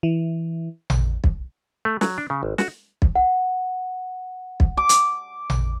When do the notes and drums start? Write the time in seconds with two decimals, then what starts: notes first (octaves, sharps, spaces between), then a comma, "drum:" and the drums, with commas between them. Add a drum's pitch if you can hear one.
0.03 E3
0.90 drum: tom A1
1.24 drum: kick
1.85 A3
2.01 F#3, drum: snare
2.18 D4
2.30 C#3
2.43 G#1
2.58 F#4, drum: snare
3.02 drum: kick
3.16 F#5
4.60 drum: kick
4.77 D6
4.89 drum: hi-hat
5.50 drum: tom A1